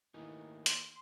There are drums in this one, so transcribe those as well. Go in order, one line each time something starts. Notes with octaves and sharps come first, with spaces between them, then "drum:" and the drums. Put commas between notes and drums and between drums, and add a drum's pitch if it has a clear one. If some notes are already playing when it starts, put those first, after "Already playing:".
D#3 E3 A3 A#3 D#4
C6, drum: hi-hat